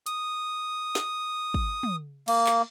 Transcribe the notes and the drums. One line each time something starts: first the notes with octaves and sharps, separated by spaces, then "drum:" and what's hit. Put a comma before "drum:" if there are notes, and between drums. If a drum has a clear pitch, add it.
D#6, drum: hi-hat
drum: snare
drum: kick
drum: tom
A#3, drum: cymbal
drum: clap